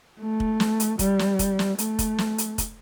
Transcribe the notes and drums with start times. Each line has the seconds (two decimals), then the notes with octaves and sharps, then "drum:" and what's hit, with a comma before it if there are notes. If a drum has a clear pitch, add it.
0.20 A3
0.40 drum: kick
0.60 drum: snare
0.80 drum: hi-hat
0.99 G3, drum: kick, hi-hat
1.19 drum: snare
1.39 drum: kick, hi-hat
1.59 drum: snare
1.78 A3, drum: hi-hat
1.99 drum: kick, hi-hat
2.18 drum: snare
2.38 drum: hi-hat
2.58 drum: kick, hi-hat